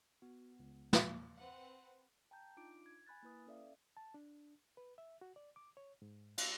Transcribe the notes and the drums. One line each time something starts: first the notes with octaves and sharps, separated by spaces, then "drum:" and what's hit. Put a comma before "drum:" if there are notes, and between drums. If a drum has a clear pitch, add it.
B3 F#4
C#2
drum: snare
C4 B4 F#5
G5 A5 A#5 G6
D4 D#4 F4 D6 D7
G#6
G#5 B5 F#6 A6
A#3 E4 B4 D#6
C#4 A4 D5 E5 F5
A5
D4
B4
E5
F#4
D5
D6
C#5
G#2
F5, drum: cymbal